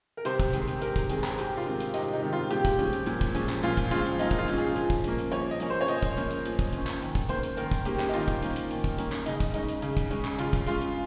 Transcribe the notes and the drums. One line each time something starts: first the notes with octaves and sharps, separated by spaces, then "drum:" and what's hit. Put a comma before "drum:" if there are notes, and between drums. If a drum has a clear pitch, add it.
A#4
C3 C5, drum: hi-hat
drum: kick, hi-hat
D#3 G#3 C4 G#4, drum: hi-hat
drum: hi-hat
C3 A#4, drum: hi-hat
drum: kick, hi-hat
D#3 G#3 C4 G#4, drum: hi-hat
drum: clap
C3 G4, drum: hi-hat
F4
D#3 G#3 C4
drum: hi-hat
C3 D#4, drum: hi-hat
D#4
D#3 G#3 C4
F4
A#2 G4, drum: hi-hat
drum: kick, hi-hat
F3 G#3 C#4, drum: hi-hat
drum: hi-hat
A#2, drum: hi-hat
drum: kick, hi-hat
F3 G#3 C#4, drum: hi-hat
drum: clap
A#2 F4, drum: hi-hat
drum: kick, hi-hat
F3 G#3 C#4 F4, drum: hi-hat
drum: hi-hat
A#2 D#4, drum: hi-hat
D#4, drum: kick, hi-hat
F4
F3 G#3 C#4, drum: hi-hat
G#4
F3, drum: hi-hat
drum: kick, hi-hat
A#3 C#4, drum: hi-hat
drum: hi-hat
F3 C#5, drum: hi-hat
D#5
A#3 C#4, drum: hi-hat
C5
C#5
F3 D#5, drum: hi-hat
drum: kick, hi-hat
A#3 C#4, drum: hi-hat
drum: hi-hat
F3, drum: hi-hat
drum: kick, hi-hat
A#3 C#4, drum: hi-hat
drum: clap
D#3, drum: hi-hat
drum: kick, hi-hat
A#3 C5, drum: hi-hat
C#4
drum: hi-hat
D#3 A#4, drum: hi-hat
drum: kick, hi-hat
A#3 C#4 G4, drum: hi-hat
drum: clap
D#4
D#3 F4, drum: hi-hat
drum: kick, hi-hat
A#3 C#4, drum: hi-hat
drum: hi-hat
D#3, drum: hi-hat
drum: kick, hi-hat
A#3 C#4, drum: hi-hat
drum: clap
C#3 D#4, drum: hi-hat
drum: kick, hi-hat
G#3 C#4 D#4, drum: hi-hat
drum: hi-hat
C#3, drum: hi-hat
drum: kick, hi-hat
G#3 C#4, drum: hi-hat
drum: clap
C#3 F4, drum: hi-hat
drum: kick, hi-hat
G#3 C#4 F4, drum: hi-hat
drum: hi-hat